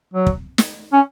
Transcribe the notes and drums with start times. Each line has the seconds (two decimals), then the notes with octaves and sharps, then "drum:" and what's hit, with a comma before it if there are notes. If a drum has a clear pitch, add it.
0.14 F#3
0.27 drum: kick
0.58 drum: snare
0.93 C#4